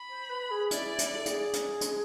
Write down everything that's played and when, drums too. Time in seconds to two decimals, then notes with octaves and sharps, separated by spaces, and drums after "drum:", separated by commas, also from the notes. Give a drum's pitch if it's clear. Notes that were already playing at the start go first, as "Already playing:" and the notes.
Already playing: B5
0.09 C5
0.29 B4
0.51 G#4
0.71 E4 D5, drum: hi-hat
0.98 E4, drum: hi-hat
1.15 A4
1.26 G#4, drum: hi-hat
1.53 drum: hi-hat
1.81 drum: hi-hat